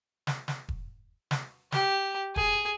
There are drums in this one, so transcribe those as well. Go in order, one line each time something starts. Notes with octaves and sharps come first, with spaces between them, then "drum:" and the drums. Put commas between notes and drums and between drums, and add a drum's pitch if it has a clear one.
drum: snare
drum: snare
drum: kick E1
drum: snare
G4, drum: snare
G#4, drum: kick E1